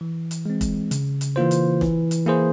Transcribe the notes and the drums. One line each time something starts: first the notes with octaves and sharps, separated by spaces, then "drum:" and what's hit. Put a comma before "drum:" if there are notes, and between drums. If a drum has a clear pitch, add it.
E3
drum: hi-hat
G#3 C4
drum: kick, hi-hat
C#3, drum: hi-hat
drum: hi-hat
E3 A#3 F4 C5
drum: hi-hat
E3, drum: snare
drum: hi-hat
A#3 E4 G#4 C5